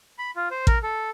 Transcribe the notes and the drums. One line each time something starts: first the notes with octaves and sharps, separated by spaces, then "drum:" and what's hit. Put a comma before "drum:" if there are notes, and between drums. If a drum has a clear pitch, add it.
B5
F4
C5
A#4, drum: kick A1
A4